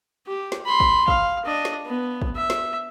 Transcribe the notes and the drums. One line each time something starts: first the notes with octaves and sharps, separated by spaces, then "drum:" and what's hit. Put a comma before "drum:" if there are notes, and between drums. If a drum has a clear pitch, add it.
G4
drum: snare
B5 C6
drum: kick
F5, drum: kick
D4 D#5
drum: snare
B3
drum: kick
E5
drum: snare